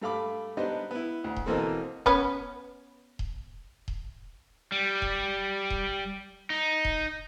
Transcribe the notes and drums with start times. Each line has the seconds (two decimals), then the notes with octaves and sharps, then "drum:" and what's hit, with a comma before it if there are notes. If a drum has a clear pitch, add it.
0.02 G2 A3 F5 B5 D6
0.57 G3 B3 D4 D#4 C5 D#5
0.91 B3 E4
1.24 D2
1.36 drum: kick D#1
1.46 B2 E3 A#3 C4 A4
2.06 B3 C#4 B4, drum: kick D#1
3.19 drum: kick D#1
3.88 drum: kick D#1
4.72 G3
5.02 drum: kick D#1
5.70 drum: kick D#1
6.50 D#4
6.85 drum: kick D#1